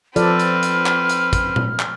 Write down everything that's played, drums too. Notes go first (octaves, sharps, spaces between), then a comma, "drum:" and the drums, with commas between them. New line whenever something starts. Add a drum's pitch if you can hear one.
F3 C4 A4 B4 D5 F6, drum: hi-hat
drum: hi-hat
drum: hi-hat
drum: clap
drum: hi-hat
drum: kick, hi-hat
drum: tom A#2
drum: clap